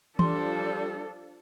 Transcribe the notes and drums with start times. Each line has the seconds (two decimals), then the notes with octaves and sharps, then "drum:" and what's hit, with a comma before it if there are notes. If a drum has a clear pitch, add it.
0.19 F3 G3 D4 A4 C6, drum: tom